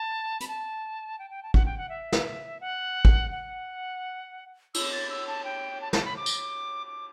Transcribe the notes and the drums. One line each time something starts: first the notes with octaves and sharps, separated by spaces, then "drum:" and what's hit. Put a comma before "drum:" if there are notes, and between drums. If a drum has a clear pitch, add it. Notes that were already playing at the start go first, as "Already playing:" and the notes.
Already playing: A5
B5, drum: hi-hat
A5
G5
G5
A5
F#5, drum: kick
G5
F#5
E5
drum: snare
F#5
drum: kick
F#5
E6, drum: cymbal
A6
E6
A5
G5
A5
A5, drum: snare
B5
D6
drum: tambourine
D6